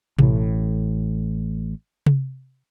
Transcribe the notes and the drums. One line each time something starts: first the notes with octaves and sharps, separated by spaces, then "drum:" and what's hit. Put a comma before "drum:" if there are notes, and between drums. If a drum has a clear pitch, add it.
A1 A2, drum: tom B2
drum: tom C3